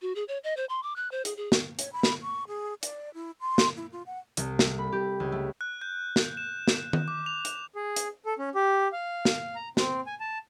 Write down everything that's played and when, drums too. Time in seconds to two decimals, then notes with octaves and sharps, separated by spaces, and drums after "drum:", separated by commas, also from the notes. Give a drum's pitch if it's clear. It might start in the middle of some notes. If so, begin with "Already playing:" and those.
0.02 F#4
0.16 G#4
0.28 C#5
0.44 D#5
0.57 C5
0.69 C6
0.83 D6
0.96 F#6
1.11 C5
1.25 G#4, drum: hi-hat
1.37 G#4
1.52 drum: snare
1.79 C#5, drum: hi-hat
1.93 B5
2.03 drum: snare
2.22 C#6
2.48 G#4
2.83 D5, drum: hi-hat
3.14 E4
3.41 C6
3.58 drum: snare
3.77 E4
3.92 F4
4.06 F#5
4.37 C2, drum: hi-hat
4.59 A3, drum: snare
4.79 B5
4.92 G4
5.20 C#2
5.32 A3
5.61 F#6
5.81 G6
6.16 drum: snare
6.37 E7
6.68 drum: snare
6.93 drum: tom D#3
7.08 D6
7.26 F7
7.45 drum: hi-hat
7.76 G#4
7.96 drum: hi-hat
8.26 A4
8.39 C#4
8.55 G4
8.92 F5
9.25 drum: snare
9.55 A#5
9.77 C4, drum: snare
10.07 G#5
10.20 A5